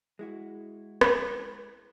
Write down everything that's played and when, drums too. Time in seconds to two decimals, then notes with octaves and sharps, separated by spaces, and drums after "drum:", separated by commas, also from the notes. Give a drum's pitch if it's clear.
0.19 G#3 E4 F#4
1.01 drum: rim click